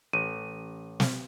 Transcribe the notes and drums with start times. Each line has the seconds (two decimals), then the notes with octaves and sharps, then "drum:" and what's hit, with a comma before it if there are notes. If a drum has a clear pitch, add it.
0.13 A1 D#7
1.00 drum: snare